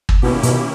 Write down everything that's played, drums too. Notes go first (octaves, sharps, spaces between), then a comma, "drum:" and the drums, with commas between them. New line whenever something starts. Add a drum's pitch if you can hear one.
drum: kick
B2 D#3 A#3 C#4 E4 G4
B2, drum: hi-hat